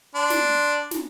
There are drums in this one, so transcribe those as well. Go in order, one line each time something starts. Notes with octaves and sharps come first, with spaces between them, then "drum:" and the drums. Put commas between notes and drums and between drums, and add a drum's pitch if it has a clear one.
D4 C6
drum: snare
drum: snare